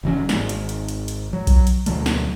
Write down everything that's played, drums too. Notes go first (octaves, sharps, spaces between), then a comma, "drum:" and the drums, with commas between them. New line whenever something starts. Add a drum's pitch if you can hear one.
F#1 E3 F#3 C#4
G#1 G#3, drum: snare
drum: hi-hat
drum: hi-hat
drum: hi-hat
drum: hi-hat
F#3
drum: kick B1, hi-hat
drum: hi-hat
D2 B2 F#3 A3, drum: hi-hat
drum: snare